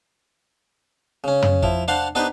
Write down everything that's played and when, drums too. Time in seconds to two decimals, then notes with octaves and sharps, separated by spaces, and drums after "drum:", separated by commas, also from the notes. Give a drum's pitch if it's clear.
1.24 C#3 C#4
1.42 drum: tom
1.63 F3 E4, drum: kick
1.88 D4 C5 F5 F#5 A5
2.15 B3 D4 D#4 G4 B4 C5